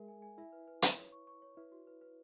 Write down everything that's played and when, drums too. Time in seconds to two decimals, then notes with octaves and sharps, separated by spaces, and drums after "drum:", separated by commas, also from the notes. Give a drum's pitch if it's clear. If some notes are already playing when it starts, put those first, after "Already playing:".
Already playing: G#3 G#4 A#4 E5
0.08 G#5
0.22 G#5
0.38 E4 E5
0.53 B4
0.68 B4
0.82 B4, drum: hi-hat
0.97 C#5
1.12 C#6
1.27 C#6
1.42 C#5
1.57 E4 B4
1.72 F#4
1.87 B4
2.01 B4